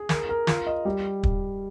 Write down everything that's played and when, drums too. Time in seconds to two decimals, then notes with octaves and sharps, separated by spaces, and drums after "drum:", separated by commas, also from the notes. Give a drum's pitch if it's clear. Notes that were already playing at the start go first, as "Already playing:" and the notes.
Already playing: G#4
0.09 A#4, drum: snare
0.29 A#4
0.47 F4, drum: snare
0.67 D#5
0.85 G3
1.23 drum: kick